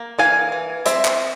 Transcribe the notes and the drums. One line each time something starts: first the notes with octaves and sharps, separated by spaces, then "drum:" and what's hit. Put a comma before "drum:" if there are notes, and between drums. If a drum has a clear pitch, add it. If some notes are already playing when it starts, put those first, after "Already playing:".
Already playing: A#3
E3 F5 G#5
E3
C4 C5 E5, drum: hi-hat
drum: clap